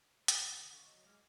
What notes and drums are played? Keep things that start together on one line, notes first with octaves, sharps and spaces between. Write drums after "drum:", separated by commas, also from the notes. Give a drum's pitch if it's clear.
drum: hi-hat
D3
B6 C#7 E7
D3 F5 C#6 D6
F#3 D#5
G#3 D6 F6 G#6